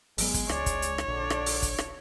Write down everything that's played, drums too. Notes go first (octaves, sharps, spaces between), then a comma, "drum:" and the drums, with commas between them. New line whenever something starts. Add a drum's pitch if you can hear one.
G#1 F#3 G#3 B3, drum: open hi-hat
drum: kick, hi-hat
C#2 C#5 D5, drum: rim click
drum: kick, hi-hat
drum: hi-hat
drum: rim click
A#1 D3 D5
drum: rim click
drum: open hi-hat
drum: kick, hi-hat
drum: rim click